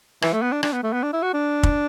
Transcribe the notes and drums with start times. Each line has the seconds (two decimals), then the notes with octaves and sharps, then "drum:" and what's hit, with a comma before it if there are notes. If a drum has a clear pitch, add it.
0.22 E3, drum: rim click
0.33 A3
0.42 B3
0.52 D4
0.63 D4, drum: rim click
0.73 B3
0.83 A3
0.93 B3
1.03 D4
1.13 E4
1.22 F#4
1.34 D4
1.63 drum: kick